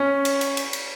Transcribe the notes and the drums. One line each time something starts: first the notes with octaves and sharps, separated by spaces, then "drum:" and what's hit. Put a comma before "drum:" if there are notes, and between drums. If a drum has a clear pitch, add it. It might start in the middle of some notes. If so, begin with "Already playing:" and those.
Already playing: C#4
drum: cymbal
drum: cymbal
drum: cymbal
drum: cymbal